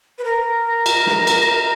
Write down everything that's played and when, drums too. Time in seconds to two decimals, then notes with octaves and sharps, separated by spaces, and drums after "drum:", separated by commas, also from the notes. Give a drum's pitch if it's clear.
0.18 B4
0.24 A#4
0.86 drum: cymbal
1.06 drum: snare
1.27 drum: cymbal